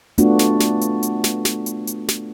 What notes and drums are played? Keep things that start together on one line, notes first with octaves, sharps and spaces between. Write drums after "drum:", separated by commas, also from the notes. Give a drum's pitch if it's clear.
A3 B3 D4 F4 F#4, drum: hi-hat
drum: snare
drum: snare
drum: hi-hat
drum: hi-hat
drum: snare
drum: snare
drum: hi-hat
drum: hi-hat
drum: snare